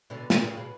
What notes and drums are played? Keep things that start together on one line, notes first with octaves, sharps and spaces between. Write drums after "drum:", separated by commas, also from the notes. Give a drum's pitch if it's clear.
B2 D3
B2 D3, drum: snare
C#3
B2